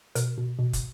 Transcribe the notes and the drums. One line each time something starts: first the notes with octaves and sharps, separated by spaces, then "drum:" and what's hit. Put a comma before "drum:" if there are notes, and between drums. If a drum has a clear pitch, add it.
B2 A#4, drum: hi-hat
B2
B2
drum: kick, hi-hat